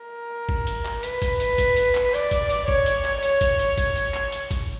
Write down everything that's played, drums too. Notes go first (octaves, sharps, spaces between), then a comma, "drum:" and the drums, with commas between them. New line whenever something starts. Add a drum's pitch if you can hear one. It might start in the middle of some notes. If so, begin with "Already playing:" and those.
Already playing: A#4
drum: kick G#1
drum: hi-hat
drum: clap
B4, drum: hi-hat
drum: kick G#1, hi-hat
drum: hi-hat
drum: kick G#1, hi-hat
drum: hi-hat
drum: clap
D5, drum: hi-hat
drum: kick G#1, hi-hat
drum: hi-hat
C#5, drum: kick G#1
drum: hi-hat
drum: clap
C#5, drum: hi-hat
drum: kick G#1, hi-hat
drum: hi-hat
drum: kick G#1, hi-hat
drum: hi-hat
drum: clap
drum: hi-hat
drum: kick G#1, hi-hat